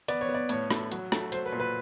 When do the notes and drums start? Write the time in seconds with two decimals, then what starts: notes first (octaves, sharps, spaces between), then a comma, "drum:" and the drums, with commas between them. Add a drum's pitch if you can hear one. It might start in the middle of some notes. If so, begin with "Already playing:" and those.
0.08 B3 D5, drum: hi-hat
0.21 C#5
0.29 B3
0.34 D5
0.49 A2 C#5, drum: hi-hat
0.71 A3, drum: rim click
0.92 F#3, drum: hi-hat
1.12 A3, drum: rim click
1.32 F#3 C5, drum: hi-hat
1.46 B4
1.52 A#2
1.60 B4